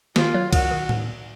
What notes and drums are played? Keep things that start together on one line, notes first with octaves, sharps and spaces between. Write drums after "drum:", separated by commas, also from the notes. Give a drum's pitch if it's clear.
D#3 F4, drum: snare
F#3
D#3 F#4, drum: kick C2, cymbal
D#3
drum: tom A2